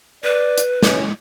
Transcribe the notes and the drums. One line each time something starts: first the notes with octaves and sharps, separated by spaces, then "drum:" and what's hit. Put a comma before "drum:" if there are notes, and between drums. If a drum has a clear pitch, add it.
B4 D5
drum: hi-hat
C#4, drum: snare